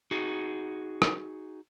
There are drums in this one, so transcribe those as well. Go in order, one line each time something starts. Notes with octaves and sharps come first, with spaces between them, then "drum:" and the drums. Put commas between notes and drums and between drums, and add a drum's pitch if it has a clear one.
D#4 F#4 G#4
drum: rim click